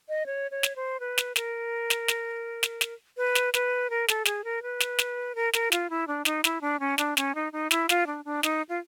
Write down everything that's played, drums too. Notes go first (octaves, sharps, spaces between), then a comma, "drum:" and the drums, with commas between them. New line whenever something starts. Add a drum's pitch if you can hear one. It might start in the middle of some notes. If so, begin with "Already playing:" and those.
D#5
C#5
C#5
drum: snare
C5
B4
drum: snare
A#4, drum: snare
drum: snare
drum: snare
drum: snare
drum: snare
B4
drum: snare
B4, drum: snare
A#4
A4, drum: snare
G#4, drum: snare
A#4
B4
drum: snare
drum: snare
A#4
A#4, drum: snare
F4, drum: snare
E4
D4
D#4, drum: snare
E4, drum: snare
D4
C#4
D4, drum: snare
C#4, drum: snare
D#4
D#4
E4, drum: snare
F4, drum: snare
D4
D4
D#4, drum: snare
F4